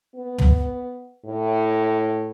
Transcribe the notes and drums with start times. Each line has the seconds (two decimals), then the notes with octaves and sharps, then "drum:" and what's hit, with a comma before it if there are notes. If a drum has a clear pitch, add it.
0.15 B3
0.38 drum: tom
1.25 A2